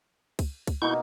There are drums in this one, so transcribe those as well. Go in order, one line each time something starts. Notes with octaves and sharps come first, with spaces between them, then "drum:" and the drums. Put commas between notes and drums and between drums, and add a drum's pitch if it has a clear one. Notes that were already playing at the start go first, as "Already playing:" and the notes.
drum: kick C#2, cymbal
drum: kick C#2, cymbal
B2 A#3 D#4 E4 C#6 G6